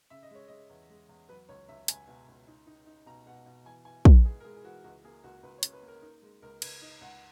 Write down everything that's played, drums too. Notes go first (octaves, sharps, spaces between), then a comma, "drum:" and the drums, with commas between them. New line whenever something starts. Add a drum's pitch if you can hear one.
C#3 E5
D#5
G#3 C#5
G#3 D#5
E2
G#3
E2
F#3 B4
C#2 C#5
C#2 E5
C#2 G#5, drum: hi-hat
B2
C#2
D#4
D#4
D#4
B2 A#5
B2 F#5
B2
E3 G#5
E3 G#5
E3 B4, drum: kick
G#2 G#4
A#4
G#3 G#4
G#4
E3 F#4
C#2 F#4
A#3 G#4
C#2 F#4
C#2 B4
C#5
C#4, drum: hi-hat
B4
A#3
A#4
D#4 A#4
G#3
C#2 A#4
C#2 B4, drum: cymbal
D#4 D#5
C#2 F#5